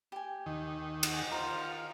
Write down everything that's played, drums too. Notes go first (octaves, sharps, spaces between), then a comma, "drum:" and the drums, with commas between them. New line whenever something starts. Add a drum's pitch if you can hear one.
G4 G#5
D#2 D#3
drum: cymbal
D5 F#5 G#5
F4 A#4 C5 D#5